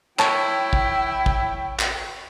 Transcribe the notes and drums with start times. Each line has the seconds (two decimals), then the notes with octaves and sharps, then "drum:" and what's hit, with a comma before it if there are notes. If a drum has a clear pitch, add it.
0.19 E4 C#5 G5 A5, drum: clap
0.73 drum: kick
1.26 drum: kick
1.79 drum: clap